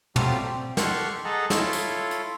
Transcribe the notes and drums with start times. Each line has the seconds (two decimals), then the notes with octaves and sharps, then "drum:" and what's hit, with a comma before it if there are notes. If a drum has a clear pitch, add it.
0.16 F#3 G3 A3 C4 F4 G4, drum: tom
0.45 C4
0.77 G4 A4 F#5 C6 C#6 F6, drum: snare
1.25 G#4 A4 D#5 F#5 A5 A#5
1.50 E4 F4 A4 C#5, drum: snare
1.73 drum: tambourine
2.11 drum: hi-hat